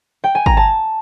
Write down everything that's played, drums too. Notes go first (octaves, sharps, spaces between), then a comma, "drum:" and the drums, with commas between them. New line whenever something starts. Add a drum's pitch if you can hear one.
G5
G#5
A#5, drum: kick
A5